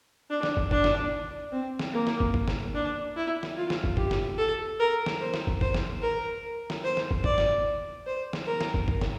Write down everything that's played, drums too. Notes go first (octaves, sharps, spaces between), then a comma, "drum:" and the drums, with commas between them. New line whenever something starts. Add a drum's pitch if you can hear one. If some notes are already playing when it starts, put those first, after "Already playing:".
D4
drum: snare
drum: kick
D4, drum: kick
drum: snare
C4
drum: snare
A#3
drum: snare
drum: kick
drum: kick
drum: snare
D4
E4
drum: snare
F4
drum: snare
drum: kick
G4, drum: kick
drum: snare
A4
A#4
drum: snare
C5
drum: snare
drum: kick
C5, drum: kick
drum: snare
A#4
drum: snare
C5
drum: snare
drum: kick
D5, drum: kick
drum: snare
C5
drum: snare
A#4
drum: snare
drum: kick
drum: kick
drum: snare